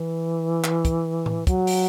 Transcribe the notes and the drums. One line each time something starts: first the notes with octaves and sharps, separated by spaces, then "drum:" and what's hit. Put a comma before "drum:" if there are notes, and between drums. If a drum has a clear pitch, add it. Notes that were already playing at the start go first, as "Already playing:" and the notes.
Already playing: E3
drum: clap
drum: kick, hi-hat
drum: tom A2
F#3, drum: kick, hi-hat
drum: open hi-hat